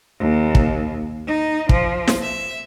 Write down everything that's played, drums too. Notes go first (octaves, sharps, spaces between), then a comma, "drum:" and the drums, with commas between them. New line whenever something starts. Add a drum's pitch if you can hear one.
D#2
drum: kick
D#4
F3, drum: kick
drum: snare
E5